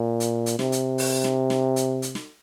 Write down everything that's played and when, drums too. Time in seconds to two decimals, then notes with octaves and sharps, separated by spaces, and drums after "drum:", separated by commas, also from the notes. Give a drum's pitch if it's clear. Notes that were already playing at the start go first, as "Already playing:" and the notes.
Already playing: A#2
0.20 drum: hi-hat
0.46 drum: hi-hat
0.59 C3, drum: snare
0.72 drum: hi-hat
0.98 drum: open hi-hat
1.24 drum: snare
1.50 drum: snare
1.76 drum: hi-hat
2.02 drum: hi-hat
2.15 drum: snare